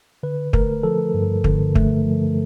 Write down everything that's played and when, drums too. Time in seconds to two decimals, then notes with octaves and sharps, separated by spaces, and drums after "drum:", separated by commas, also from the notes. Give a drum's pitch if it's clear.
0.23 D3 B4
0.53 A3 A#4, drum: kick
0.83 F3 A4
1.14 G2
1.44 D3, drum: kick
1.75 A3, drum: kick
2.05 F3